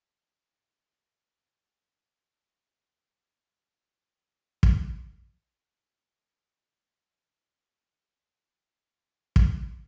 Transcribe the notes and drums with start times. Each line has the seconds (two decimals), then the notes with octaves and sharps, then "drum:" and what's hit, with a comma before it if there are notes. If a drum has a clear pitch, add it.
0.04 G4 A#4
0.89 A#3 A4
1.38 C2 A4
2.26 C3 G3 A#3 D#4 F4
3.26 B4
3.41 F#4
3.54 G#5
3.69 A4
3.94 D#5
4.14 C#5
4.29 B4
4.63 drum: kick
5.02 C#5 E5 F5 G#5 A5 C#6
5.52 C#2 B2 F#4 G#5 A6
6.21 G4
8.42 D#3 B3 F#5
9.36 drum: kick